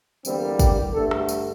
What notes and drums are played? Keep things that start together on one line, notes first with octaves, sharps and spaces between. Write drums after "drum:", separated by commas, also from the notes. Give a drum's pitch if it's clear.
E2 D3 G3 A#3 C4, drum: tambourine
G4, drum: kick, tambourine
G2 D3 A3 A4
drum: rim click
drum: tambourine